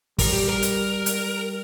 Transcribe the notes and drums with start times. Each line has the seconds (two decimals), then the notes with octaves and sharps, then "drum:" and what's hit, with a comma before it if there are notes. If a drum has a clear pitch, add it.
0.18 G3 A#4, drum: kick, open hi-hat
0.33 G4
0.48 A#4
0.62 drum: hi-hat
1.06 G3, drum: hi-hat